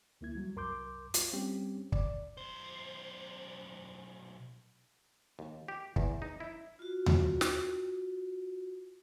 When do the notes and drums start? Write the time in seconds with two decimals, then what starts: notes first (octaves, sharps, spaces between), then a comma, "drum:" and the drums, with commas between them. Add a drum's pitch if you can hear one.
0.21 D2 A#3 E4 G#6
0.35 F#3 G3
0.56 C2 F#2 A#4 C6 D6 G6
1.14 F4, drum: hi-hat
1.33 G3 C4 C#4 G4
1.92 D5, drum: kick
2.37 B1 C5
5.39 D#2
5.68 G4
5.96 E2, drum: kick
6.22 D#4
6.40 E4
6.79 F4 F#4
7.06 drum: tom D#2
7.41 drum: snare